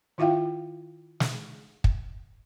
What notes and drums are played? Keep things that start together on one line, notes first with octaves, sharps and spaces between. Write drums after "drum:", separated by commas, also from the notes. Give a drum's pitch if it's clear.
D#3 E4 F4 E5 F5 G5
drum: snare
drum: kick